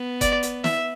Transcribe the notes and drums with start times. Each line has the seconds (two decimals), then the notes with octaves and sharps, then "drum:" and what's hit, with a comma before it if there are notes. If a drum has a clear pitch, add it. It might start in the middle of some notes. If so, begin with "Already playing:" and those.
Already playing: B3
0.21 D5, drum: kick F#1, hi-hat
0.43 drum: hi-hat
0.64 E5, drum: snare